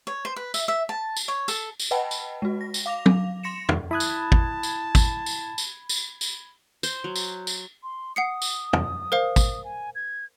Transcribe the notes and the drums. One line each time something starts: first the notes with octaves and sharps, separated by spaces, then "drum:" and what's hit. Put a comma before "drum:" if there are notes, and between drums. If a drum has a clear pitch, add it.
C#5
C5
B4
E5, drum: tambourine
E5
A5
drum: tambourine
C#5
A4, drum: tambourine
drum: tambourine
B4 D#5 F#5 G5 A5 B5
drum: tambourine
G#3 F#4
A#6
drum: tambourine
F5 D6 A#6 F7
drum: tom
C6 A#6 C#7 E7
drum: tom
E4 A5 B5 D#6 F#6 G#6
drum: tambourine
drum: kick
drum: tambourine
drum: kick, tambourine
drum: tambourine
drum: tambourine
drum: tambourine
drum: tambourine
C5, drum: tambourine
F#3
drum: tambourine
drum: tambourine
C6
F#5 D#6 C7 C#7
drum: tambourine
drum: tom
A#4 C5 F5
drum: kick, tambourine
G#5
G#6